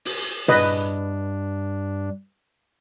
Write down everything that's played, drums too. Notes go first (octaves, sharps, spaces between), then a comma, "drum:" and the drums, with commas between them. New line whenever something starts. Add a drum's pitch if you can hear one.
drum: open hi-hat
G2 D4 B4 D#5, drum: tom